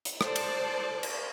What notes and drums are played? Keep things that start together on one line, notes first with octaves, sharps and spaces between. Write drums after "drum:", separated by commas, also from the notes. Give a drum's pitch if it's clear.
drum: hi-hat
A4 C5 D5 A5, drum: rim click
drum: cymbal
drum: cymbal